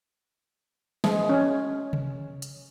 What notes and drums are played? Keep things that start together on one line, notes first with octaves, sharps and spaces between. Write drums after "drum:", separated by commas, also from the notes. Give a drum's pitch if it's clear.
G#3, drum: snare
C#4
drum: tom C3
drum: hi-hat